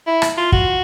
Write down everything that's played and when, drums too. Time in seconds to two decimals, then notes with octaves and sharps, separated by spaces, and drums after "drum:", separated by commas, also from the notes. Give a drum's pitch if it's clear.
0.07 E4
0.22 drum: rim click
0.37 F4
0.52 F#4, drum: kick